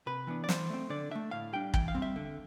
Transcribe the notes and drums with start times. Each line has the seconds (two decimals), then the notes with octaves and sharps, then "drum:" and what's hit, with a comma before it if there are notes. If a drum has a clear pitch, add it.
0.06 C3 B4
0.27 E3 B3 D4
0.44 D5
0.49 E3 C5, drum: snare
0.70 A3 C4
0.90 D3 D5
1.11 A3 D4 E5
1.31 A2 F5
1.53 G3 D4 G5
1.74 E3 G5, drum: kick
1.88 F5
1.95 G3 C4
2.02 E5
2.16 D3